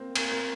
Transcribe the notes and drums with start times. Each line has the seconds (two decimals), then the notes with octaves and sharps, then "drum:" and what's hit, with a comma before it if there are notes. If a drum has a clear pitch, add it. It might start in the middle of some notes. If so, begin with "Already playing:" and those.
Already playing: A#3 C4
0.15 A#3, drum: cymbal
0.32 C4